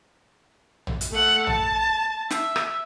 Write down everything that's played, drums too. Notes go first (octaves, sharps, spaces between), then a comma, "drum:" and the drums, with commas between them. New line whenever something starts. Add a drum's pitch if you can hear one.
drum: tom A#1
drum: hi-hat
A3 F#5
A5, drum: tom A#1
E5, drum: snare
drum: rim click